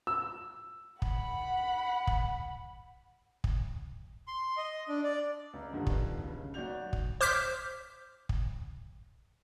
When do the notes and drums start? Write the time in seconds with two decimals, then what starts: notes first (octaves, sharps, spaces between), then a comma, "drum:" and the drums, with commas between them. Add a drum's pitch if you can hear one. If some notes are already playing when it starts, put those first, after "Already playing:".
0.07 E6
1.02 F#5 B5, drum: kick
2.07 drum: kick
3.44 drum: kick
4.28 C6
4.57 D#5
4.89 D4
5.04 D5
5.53 C#2 A#5
5.71 E2 G2 D3 D#3 F3
5.87 drum: kick
6.23 C#2 C#3
6.54 B1 F#4 D5 G6 F7
6.93 drum: kick
7.21 C5 D6 F6 G6 B6
8.29 drum: kick